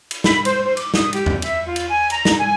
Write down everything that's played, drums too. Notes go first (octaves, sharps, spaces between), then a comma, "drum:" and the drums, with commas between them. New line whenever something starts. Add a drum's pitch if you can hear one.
drum: cymbal
B5, drum: snare
C5, drum: cymbal
C5
D6, drum: cymbal
D#6, drum: snare
G4, drum: cymbal
drum: tom E2
E5, drum: cymbal
F4
drum: cymbal
G#5
A#5, drum: cymbal
drum: snare
G#5